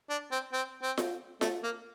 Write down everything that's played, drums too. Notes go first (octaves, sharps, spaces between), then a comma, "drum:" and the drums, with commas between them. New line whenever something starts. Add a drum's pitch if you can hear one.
D4
C4
C4
C4
drum: snare F4
A3, drum: snare F4
A#3